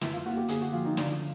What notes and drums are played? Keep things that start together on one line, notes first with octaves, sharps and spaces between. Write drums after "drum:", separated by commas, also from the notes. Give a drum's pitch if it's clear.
F#2 E4, drum: snare
F4
A#3 F#4
G4
D3 G#4, drum: hi-hat
F#4
F3 F4
D#4
D3 D4, drum: snare
F4